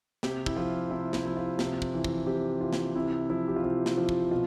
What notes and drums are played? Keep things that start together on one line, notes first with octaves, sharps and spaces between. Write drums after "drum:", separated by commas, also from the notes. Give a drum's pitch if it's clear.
C3 G4, drum: snare
E4, drum: kick
F3 F4
C3 E4
E4, drum: snare
F3 E4
F4
C3, drum: snare
drum: kick
E3
drum: kick
C3 G4
E3 F4
drum: snare
C3 E4
F3 E4
G4
F4
C3 E4
drum: snare
F3 F4
drum: kick
B2 F4